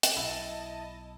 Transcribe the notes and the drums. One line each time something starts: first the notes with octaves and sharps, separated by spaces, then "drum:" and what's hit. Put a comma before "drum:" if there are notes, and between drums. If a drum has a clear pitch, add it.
drum: hi-hat
B1 E4 D#5 A5